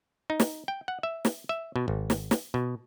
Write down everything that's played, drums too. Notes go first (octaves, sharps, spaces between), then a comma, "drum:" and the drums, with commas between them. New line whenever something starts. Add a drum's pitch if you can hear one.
D#4
drum: snare
G5
F#5
E5
drum: snare
E5
B2
G#1
drum: snare
drum: snare
B2